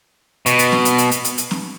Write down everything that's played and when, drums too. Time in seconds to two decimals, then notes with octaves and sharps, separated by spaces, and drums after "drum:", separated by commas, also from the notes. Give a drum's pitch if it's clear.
0.46 B2, drum: hi-hat
0.59 drum: hi-hat
0.72 drum: snare C4
0.85 drum: hi-hat
0.98 drum: hi-hat
1.11 drum: hi-hat
1.25 drum: hi-hat
1.38 drum: hi-hat
1.51 drum: snare C4